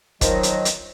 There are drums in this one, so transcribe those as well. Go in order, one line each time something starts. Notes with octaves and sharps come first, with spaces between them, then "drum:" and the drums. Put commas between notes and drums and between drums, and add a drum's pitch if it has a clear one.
D#3 F3 F#3 D#5, drum: kick, hi-hat
drum: hi-hat
drum: hi-hat